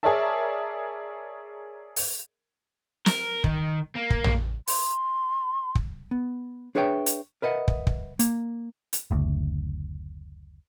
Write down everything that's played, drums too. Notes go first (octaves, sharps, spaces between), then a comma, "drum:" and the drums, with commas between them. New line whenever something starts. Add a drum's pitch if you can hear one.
G#4 A#4 C#5 D5 E5 A5
drum: open hi-hat
A#4, drum: snare
D#3, drum: kick
A#3
drum: kick
drum: tom
C6, drum: open hi-hat
drum: kick
B3
D4 G#4 B4 C#5 E5 G5
drum: hi-hat
A#4 B4 D#5 E5 F#5
drum: kick
drum: kick
A#3, drum: hi-hat
drum: hi-hat
F#1 D2